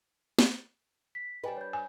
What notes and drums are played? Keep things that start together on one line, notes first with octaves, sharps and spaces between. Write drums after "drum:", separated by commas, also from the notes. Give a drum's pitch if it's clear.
drum: snare
B6
G3 D4 B4 D#5 G5 G#5
C#5 G6
G#5